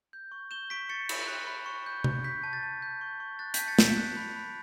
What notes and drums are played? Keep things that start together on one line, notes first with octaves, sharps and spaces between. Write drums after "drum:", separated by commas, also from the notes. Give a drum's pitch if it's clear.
G6
C#6
G6 E7 G7
C#6 B6 D7
C#6 A6 C#7
B5, drum: cymbal
F#6
B5
C#6
G6
C#6, drum: tom C3
G6 B6
A5
A6
A5
G6
C#6
C#6
F#6 A6
G6 B6, drum: hi-hat
A5
A6 C#7
A5 B6 D7, drum: snare
F#6
B5
B5